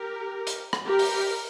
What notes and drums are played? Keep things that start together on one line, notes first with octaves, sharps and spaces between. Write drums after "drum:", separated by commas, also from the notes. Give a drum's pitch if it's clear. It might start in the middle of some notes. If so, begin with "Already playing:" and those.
Already playing: G4 A#4
drum: hi-hat
drum: rim click
G4 A#4
drum: open hi-hat